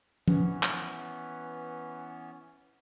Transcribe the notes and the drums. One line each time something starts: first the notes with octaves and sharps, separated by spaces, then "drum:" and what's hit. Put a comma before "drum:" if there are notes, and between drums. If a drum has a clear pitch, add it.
E3 B3 C#4, drum: tom F3
drum: clap